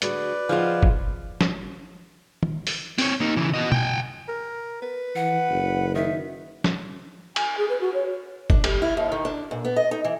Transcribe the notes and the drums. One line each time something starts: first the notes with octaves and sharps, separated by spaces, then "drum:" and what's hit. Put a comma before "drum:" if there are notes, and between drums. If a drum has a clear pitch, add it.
D2 F#4 G#4 B4 D5, drum: hi-hat
F3 F4 G#4 D#5 F#5
drum: kick
drum: snare
drum: tom
drum: open hi-hat
C4 C#5, drum: open hi-hat
A#3 D#4
C#3 E3
B3 D#5
G5 G#5, drum: tom
A#4
B4
E3 F#5
F#1
D#3 E5
drum: snare
G#5, drum: cymbal
G#4
B4
F#4
C#5
D4, drum: kick
G3, drum: cymbal
E4
D#2
D#3
D4
A#2
B3
D#5
D#4
E3